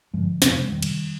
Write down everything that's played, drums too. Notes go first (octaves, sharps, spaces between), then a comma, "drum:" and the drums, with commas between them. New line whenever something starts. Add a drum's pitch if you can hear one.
G2 D3 F3 G#3
F2 C3 C4, drum: snare
B3
G#3
F2 C3 D#3 G3
drum: cymbal